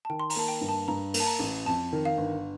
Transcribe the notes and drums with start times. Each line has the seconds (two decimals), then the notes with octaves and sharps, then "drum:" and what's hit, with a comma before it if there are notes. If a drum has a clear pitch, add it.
0.05 A5
0.10 D#3 G5
0.20 C6
0.30 A#5, drum: open hi-hat
0.36 A#3 A5
0.48 G5
0.61 G2
0.69 A5
0.88 G2 A#5
1.14 A#3, drum: open hi-hat
1.20 A5
1.26 A#5
1.39 A1
1.66 F2 A5
1.93 D#3
2.05 F5
2.17 G1